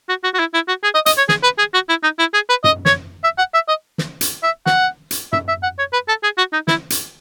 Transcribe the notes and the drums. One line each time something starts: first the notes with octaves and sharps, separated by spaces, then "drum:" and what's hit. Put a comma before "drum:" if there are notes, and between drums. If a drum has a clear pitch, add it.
F#4
F#4
F#4
E4
E4
F#4
G#4
D#5
D#5, drum: hi-hat
C#5
G#4, drum: snare
B4
G#4
F#4
E4
D#4
E4
G#4
B4
D#5, drum: tom F#2
C#5, drum: snare
E5
F#5
E5
D#5
drum: snare
drum: hi-hat
E5
F#5, drum: snare
drum: hi-hat
E5, drum: tom F#2
E5
F#5
C#5
B4
A4
G#4
F#4
D#4
E4, drum: snare
drum: hi-hat